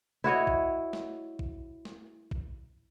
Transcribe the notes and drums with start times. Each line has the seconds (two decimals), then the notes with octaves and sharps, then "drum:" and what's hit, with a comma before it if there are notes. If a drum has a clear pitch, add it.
0.24 E4 F#4 C#5 D#5
0.47 drum: kick
0.93 drum: snare A3
1.39 drum: kick
1.85 drum: snare A3
2.31 drum: kick